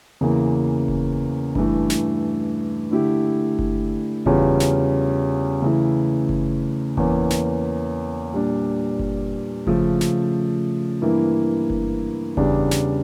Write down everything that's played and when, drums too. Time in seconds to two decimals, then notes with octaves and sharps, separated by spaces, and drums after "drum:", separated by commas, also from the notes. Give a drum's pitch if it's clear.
0.21 E2 C#3 E3 A#3
0.88 drum: kick F#1
1.55 G2 E3 A3, drum: kick F#1
1.90 drum: snare
2.91 D3 A3 E4 G4
3.59 drum: kick F#1
4.26 E2 C#3 G3 C#4 F4, drum: kick F#1
4.60 drum: snare
5.62 C#3 E3 A3 E4
6.29 drum: kick F#1
6.97 E2 E3 A#3 C#4, drum: kick F#1
7.30 drum: snare
8.32 A#2 G3 D4
8.99 drum: kick F#1
9.67 C#3 F3 A3, drum: kick F#1
10.01 drum: snare
11.02 G2 E3 A#3 E4
11.70 drum: kick F#1
12.37 E2 C#3 G3 D4, drum: kick F#1
12.71 drum: snare